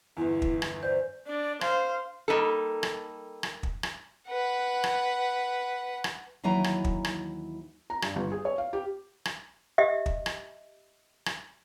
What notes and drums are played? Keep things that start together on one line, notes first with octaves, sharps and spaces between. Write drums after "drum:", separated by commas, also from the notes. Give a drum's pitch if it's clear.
G1 E2 E4
drum: kick
drum: rim click
C5 D5 G6
D4 D5
C5 F5, drum: rim click
G3 A#3 B3 D#4 A4
drum: rim click
drum: rim click
drum: kick
drum: rim click
B4 F#5
drum: rim click
drum: rim click
D#2 E3 F#3 E4 G#5 A#5
drum: rim click
drum: kick
drum: rim click
A#5
G2, drum: rim click
G1
G#4
C#5
F5
G4
drum: rim click
G4 D#5 E5
drum: kick
drum: rim click
drum: rim click